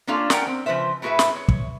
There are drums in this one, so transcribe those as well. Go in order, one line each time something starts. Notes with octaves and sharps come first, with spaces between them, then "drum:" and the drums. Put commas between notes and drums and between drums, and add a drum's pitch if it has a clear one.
A#3 C#4 D4 F4 A4 F5
C#4 D4 A#4 F#5 G5 A#5, drum: snare
C4
C#3 F3 B4 C5 E5
A2 E4 F#4 G#4 B4 E5
drum: snare
C#5
drum: kick